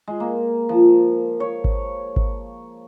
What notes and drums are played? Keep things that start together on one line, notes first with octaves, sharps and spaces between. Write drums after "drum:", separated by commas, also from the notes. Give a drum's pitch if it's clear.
G#3
A#3
F3
C#5
drum: kick G#1
drum: kick G#1